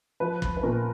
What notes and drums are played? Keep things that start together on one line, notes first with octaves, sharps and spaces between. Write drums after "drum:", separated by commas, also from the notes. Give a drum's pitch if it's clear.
F3 B4
drum: kick
B4
A#2 A#4